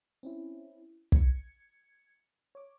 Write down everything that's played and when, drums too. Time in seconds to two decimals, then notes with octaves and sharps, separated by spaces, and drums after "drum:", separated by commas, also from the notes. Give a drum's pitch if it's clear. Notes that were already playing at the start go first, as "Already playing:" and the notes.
0.23 C4 C#4 E4
1.12 G#6 C#7, drum: kick
2.55 C#5 D6